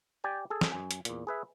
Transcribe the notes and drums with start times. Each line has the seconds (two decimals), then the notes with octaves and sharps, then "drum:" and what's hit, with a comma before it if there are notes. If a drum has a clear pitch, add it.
0.24 G4 D5 G5 G#5
0.50 G#4 A4
0.61 drum: snare
0.72 F#2 G#5
0.91 drum: hi-hat
1.05 E2 A#2, drum: hi-hat
1.27 G#4 B4 E5